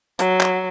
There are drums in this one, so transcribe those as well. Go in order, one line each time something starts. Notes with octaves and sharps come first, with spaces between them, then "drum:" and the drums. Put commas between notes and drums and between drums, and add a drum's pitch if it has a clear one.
F#3, drum: hi-hat
drum: clap